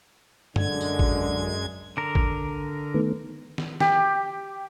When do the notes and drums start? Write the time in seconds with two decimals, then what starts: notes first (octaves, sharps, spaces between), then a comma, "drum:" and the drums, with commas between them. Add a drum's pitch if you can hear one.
0.56 F#2 D3 G#3 G#6, drum: tom F#2
0.81 drum: tambourine
0.99 drum: kick A1
1.97 D3 A#4
2.15 drum: kick A1
2.94 D#3 A3 B3
3.58 drum: snare
3.80 G4, drum: snare